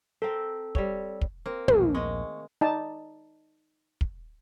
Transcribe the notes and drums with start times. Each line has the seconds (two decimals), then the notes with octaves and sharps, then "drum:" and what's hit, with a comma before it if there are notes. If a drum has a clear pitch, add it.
0.22 C4 A4 A#4 C5
0.75 G3 C4 C#5, drum: kick
1.21 drum: kick
1.46 A#3 C4
1.68 A#1 D#2 B2 E3 G3 A3 G#4, drum: tom
1.95 D#3 G#3 D#5 C#6
2.61 D#4 D5 A5
4.01 drum: kick